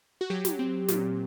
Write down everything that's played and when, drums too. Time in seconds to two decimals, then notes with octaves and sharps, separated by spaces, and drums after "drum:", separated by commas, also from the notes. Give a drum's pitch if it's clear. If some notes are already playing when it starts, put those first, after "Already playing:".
0.21 F#4
0.30 F#3 G4
0.45 drum: snare
0.59 C4
0.88 A#2, drum: snare